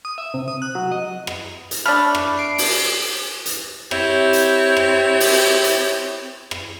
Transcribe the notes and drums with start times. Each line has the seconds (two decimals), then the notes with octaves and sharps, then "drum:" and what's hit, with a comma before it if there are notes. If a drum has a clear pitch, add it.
0.05 D#6
0.18 E5
0.34 C3
0.48 D#6
0.62 F#6
0.75 F#3
0.92 D#5
1.27 drum: rim click
1.71 drum: hi-hat
1.86 A3 D4 B5 F6
2.15 drum: rim click
2.37 C7 D7
2.58 drum: open hi-hat
3.46 drum: hi-hat
3.91 C4 E4 G4 C#5, drum: rim click
4.33 drum: hi-hat
4.77 drum: rim click
5.20 drum: open hi-hat
5.64 drum: hi-hat
6.51 drum: rim click